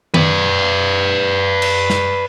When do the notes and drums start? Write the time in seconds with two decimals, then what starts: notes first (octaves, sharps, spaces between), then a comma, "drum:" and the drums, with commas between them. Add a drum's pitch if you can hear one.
0.14 B4 D5, drum: tom D#3
1.62 drum: cymbal
1.90 drum: snare